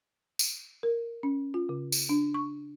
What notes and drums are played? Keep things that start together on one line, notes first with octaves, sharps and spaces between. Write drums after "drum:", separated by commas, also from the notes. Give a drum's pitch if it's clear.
drum: tambourine
A#4
C#4
F4
C#3
drum: tambourine
D4
C#6